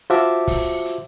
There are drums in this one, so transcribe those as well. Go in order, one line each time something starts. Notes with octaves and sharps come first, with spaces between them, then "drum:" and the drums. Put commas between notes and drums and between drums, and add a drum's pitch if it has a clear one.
F4 F#4 C5 E5 A5 D6, drum: hi-hat
drum: kick, open hi-hat
drum: hi-hat